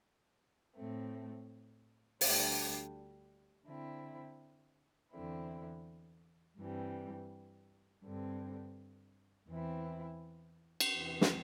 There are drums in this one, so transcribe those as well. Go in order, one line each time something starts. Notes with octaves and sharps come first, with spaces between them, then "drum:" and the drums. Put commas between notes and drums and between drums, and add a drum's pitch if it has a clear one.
A2 A3 C4
D2 D3 G3 D4, drum: open hi-hat
D3 C4 E4
E2 D3 C4 E4
G2 E3 G3 C4
G2 D3 C4
E2 E3 C4 E4
drum: cymbal
E2 C3 E3 C4
drum: snare